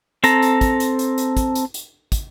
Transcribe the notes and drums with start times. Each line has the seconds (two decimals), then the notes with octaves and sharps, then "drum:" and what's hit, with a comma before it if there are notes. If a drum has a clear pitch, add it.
0.24 C4 A4 A#5, drum: hi-hat
0.42 drum: hi-hat
0.61 drum: kick, hi-hat
0.80 drum: hi-hat
0.99 drum: hi-hat
1.18 drum: hi-hat
1.37 drum: kick, hi-hat
1.55 drum: hi-hat
1.74 drum: hi-hat
2.12 drum: kick, hi-hat